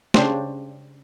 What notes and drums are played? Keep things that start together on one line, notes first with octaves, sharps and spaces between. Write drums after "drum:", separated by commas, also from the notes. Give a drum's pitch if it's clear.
C#3 C#4 D4 G4 C5, drum: snare